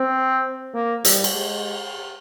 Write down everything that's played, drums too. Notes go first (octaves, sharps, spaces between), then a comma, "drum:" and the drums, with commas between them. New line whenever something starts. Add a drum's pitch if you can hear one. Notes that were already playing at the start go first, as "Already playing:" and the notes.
Already playing: C4
A#3
G3, drum: hi-hat
drum: cymbal
G#3